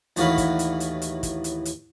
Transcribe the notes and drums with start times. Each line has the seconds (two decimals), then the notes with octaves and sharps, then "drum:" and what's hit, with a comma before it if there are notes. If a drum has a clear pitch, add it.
0.16 D#2 A2 E3 F#4 F5 B5, drum: hi-hat
0.38 drum: kick, hi-hat
0.59 drum: hi-hat
0.80 drum: hi-hat
1.02 drum: hi-hat
1.23 drum: kick, hi-hat
1.44 drum: hi-hat
1.65 drum: hi-hat